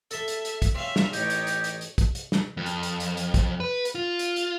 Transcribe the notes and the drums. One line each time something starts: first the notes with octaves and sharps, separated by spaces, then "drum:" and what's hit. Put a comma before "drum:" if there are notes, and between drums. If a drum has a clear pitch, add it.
A4 E5 A5, drum: hi-hat
drum: hi-hat
drum: hi-hat
drum: kick, hi-hat
C4 C#4 E5 F5
drum: snare
A1 D#4 G4 C#5 G5, drum: hi-hat
drum: hi-hat
drum: hi-hat
drum: hi-hat
drum: hi-hat
drum: kick, hi-hat
drum: hi-hat
drum: snare
F2
drum: hi-hat
drum: hi-hat
drum: hi-hat
drum: hi-hat
drum: kick, hi-hat
B4
drum: hi-hat
F4
drum: hi-hat
drum: hi-hat